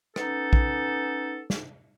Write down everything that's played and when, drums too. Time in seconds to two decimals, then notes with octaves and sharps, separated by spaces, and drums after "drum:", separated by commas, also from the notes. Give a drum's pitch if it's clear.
0.16 B3 C#4 D#4 A4, drum: rim click
0.53 drum: kick A#1
1.50 drum: snare